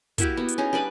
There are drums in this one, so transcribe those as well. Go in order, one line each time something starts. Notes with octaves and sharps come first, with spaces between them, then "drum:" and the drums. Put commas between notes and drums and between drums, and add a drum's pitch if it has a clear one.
A#3 E4 F#4 G4, drum: kick, hi-hat
B3
drum: hi-hat
C#4 D#4 G#4
G3 D4 B4 B5